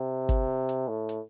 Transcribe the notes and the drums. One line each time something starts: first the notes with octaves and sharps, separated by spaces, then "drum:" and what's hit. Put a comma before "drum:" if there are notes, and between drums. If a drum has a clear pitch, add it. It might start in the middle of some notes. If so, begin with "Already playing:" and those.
Already playing: C3
drum: kick G1, hi-hat
drum: hi-hat
A2
drum: hi-hat